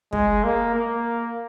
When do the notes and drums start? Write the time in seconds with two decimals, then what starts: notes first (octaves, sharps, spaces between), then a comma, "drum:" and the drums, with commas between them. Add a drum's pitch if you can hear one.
0.13 G#3, drum: kick
0.44 A#3
0.74 A#3